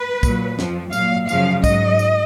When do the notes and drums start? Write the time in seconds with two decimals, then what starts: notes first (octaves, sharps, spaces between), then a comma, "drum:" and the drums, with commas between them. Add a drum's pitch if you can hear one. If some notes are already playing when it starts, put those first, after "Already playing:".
Already playing: B4
0.23 A#2 F#3, drum: kick, tambourine
0.59 F2 F3, drum: snare
0.93 A#2 F#3 F5, drum: tambourine
1.29 F#2 C#3 F3 F5, drum: tambourine
1.64 G#2 F#3 D#5, drum: kick, tambourine
1.99 drum: tambourine